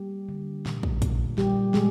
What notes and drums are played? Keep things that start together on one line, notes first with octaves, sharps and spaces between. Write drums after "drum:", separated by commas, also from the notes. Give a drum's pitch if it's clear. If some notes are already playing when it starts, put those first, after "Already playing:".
Already playing: G3 A#3 G4
D3
A#2, drum: snare
drum: kick
A#2, drum: kick, hi-hat
A#2 G3 G4, drum: snare
A#2 G#3 G#4, drum: snare